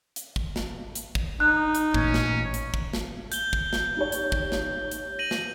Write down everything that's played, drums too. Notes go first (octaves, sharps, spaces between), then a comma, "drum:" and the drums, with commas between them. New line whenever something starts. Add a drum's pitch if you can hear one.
drum: hi-hat
drum: kick
drum: snare
drum: hi-hat
drum: kick
D#4 F#6
drum: hi-hat
A1 A#2 C#4, drum: kick
drum: snare
drum: hi-hat
drum: kick
drum: snare
G6 G7, drum: hi-hat
drum: kick
drum: snare
D#4 G4 C#5
drum: hi-hat
drum: kick
drum: snare
drum: hi-hat
A#6 D#7 F#7
drum: snare